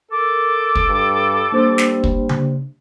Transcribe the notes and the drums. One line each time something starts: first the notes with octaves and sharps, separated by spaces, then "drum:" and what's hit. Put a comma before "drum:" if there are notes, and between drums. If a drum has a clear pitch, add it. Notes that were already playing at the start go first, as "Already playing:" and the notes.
A4 A#4 D6
drum: kick
G2
G3 A#3 D4 C5
drum: snare
drum: kick
drum: tom C#3